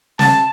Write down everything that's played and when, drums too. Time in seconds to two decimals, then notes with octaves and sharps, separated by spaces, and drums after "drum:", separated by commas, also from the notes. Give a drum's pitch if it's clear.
0.19 A5, drum: snare